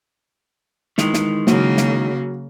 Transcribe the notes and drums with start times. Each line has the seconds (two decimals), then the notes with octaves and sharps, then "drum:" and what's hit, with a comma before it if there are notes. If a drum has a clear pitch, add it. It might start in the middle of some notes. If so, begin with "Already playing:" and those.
0.98 D#3 E3 G#3, drum: snare
1.14 drum: snare
1.47 C#3 F#3 A#3, drum: snare
1.77 drum: snare